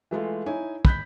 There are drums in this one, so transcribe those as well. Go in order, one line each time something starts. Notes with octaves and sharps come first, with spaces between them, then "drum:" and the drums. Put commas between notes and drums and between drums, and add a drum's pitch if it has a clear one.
E3 G#3 A3 F4
D#4 E4 C#5 G#5
B5 F#6 G6 B6, drum: kick